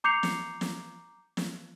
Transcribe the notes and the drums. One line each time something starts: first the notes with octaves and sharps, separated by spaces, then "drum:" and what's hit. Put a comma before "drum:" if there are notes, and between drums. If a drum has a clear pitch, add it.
A#5 D6 G6 C7 C#7 F7
drum: snare
drum: snare
drum: snare